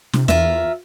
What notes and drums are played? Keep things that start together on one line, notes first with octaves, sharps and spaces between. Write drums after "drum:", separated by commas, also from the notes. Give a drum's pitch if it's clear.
C3, drum: snare
E2 F4 A#4 E5, drum: snare